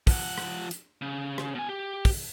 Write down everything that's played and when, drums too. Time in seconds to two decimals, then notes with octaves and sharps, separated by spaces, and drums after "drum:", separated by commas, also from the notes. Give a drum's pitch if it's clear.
0.07 F3 F#5, drum: kick, open hi-hat
0.38 drum: rim click
0.71 drum: hi-hat
1.02 C#3
1.38 drum: rim click
1.55 B2 G#5
1.68 G4
2.05 drum: kick, open hi-hat